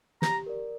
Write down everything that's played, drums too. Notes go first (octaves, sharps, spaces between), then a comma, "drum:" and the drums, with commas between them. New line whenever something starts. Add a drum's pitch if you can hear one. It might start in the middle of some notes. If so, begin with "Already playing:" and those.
G4 A#5, drum: snare
A#4 D5